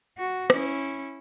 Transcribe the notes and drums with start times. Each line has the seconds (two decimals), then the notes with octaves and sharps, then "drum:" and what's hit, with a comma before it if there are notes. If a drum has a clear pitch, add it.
0.18 F#4
0.50 C#4 E4, drum: rim click